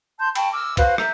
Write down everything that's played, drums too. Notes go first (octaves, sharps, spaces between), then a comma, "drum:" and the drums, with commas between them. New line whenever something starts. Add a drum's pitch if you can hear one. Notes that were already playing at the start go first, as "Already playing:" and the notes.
A5 C6 G6
G5 A5 B5 C#6, drum: cymbal
D6 E6 F6
F#4 B4 C5 F5, drum: kick B1, cymbal
E5 A#5 E6 G6, drum: rim click